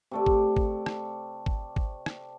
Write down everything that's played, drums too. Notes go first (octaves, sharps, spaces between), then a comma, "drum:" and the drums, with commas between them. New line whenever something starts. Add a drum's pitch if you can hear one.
C3 A3 D5
drum: kick
drum: kick
drum: rim click
drum: kick
drum: kick
drum: rim click